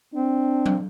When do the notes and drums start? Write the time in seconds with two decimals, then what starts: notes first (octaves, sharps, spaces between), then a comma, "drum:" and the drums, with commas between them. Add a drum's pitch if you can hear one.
0.14 C4 D4
0.66 drum: tom F#3